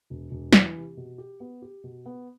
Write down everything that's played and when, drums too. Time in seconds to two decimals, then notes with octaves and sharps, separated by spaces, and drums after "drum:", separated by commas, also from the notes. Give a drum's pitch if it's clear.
0.10 E1
0.31 E1
0.53 E3, drum: snare
0.75 C3
0.97 B2
1.18 G4
1.40 B3
1.62 G4
1.84 B2
2.06 B3